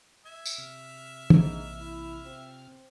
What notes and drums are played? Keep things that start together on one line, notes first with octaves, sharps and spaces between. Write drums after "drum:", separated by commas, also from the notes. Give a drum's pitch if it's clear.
E5 G#6
drum: tambourine
C3 F6
A#1 G#2 E3 A#3, drum: tom
E4
C4 F4